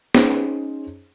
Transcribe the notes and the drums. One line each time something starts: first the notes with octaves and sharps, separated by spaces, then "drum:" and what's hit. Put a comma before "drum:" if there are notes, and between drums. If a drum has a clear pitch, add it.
C#4 D#4 G#4 C5, drum: snare B3